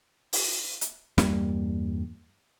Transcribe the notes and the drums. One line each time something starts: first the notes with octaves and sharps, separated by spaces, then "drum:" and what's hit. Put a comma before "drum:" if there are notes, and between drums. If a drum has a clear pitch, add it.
drum: open hi-hat
drum: hi-hat
E2 G2 G3 A#3, drum: snare